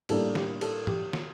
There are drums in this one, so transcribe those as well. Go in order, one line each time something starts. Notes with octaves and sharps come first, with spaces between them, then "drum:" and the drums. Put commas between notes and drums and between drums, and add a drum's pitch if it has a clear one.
A2 G3 A#3 D4 A4, drum: cymbal
G4, drum: snare
A4, drum: cymbal
G4, drum: tom
drum: snare